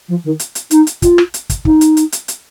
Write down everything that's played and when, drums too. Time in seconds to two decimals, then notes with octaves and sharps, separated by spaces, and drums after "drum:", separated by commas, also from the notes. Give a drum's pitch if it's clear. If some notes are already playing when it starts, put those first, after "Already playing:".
0.08 F3
0.24 D#3
0.39 drum: hi-hat
0.55 drum: hi-hat
0.71 D#4, drum: hi-hat
0.87 drum: hi-hat
1.02 F4, drum: kick, hi-hat
1.18 drum: rim click
1.34 drum: hi-hat
1.50 drum: kick, hi-hat
1.65 D#4, drum: kick
1.81 drum: hi-hat
1.97 drum: hi-hat
2.12 drum: hi-hat
2.28 drum: hi-hat